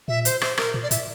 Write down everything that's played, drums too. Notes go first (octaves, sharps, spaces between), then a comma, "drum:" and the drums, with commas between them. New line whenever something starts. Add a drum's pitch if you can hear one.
A#2 E5
C5, drum: hi-hat
C5, drum: rim click
A#4, drum: rim click
A#2
D5
A2 E5, drum: hi-hat